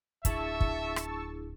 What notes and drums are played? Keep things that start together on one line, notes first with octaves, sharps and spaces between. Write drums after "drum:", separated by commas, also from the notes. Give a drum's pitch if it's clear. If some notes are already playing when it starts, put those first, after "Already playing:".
D1 D4 E4 G#4 E5 A5 C#6 E6, drum: kick, hi-hat
drum: kick
drum: rim click